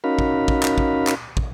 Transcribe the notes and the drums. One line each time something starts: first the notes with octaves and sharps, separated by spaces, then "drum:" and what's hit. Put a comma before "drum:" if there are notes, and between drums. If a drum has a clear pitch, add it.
C#4 D#4 F#4 A#4 F5 B5
drum: kick
drum: kick
drum: clap
drum: kick
drum: clap
drum: kick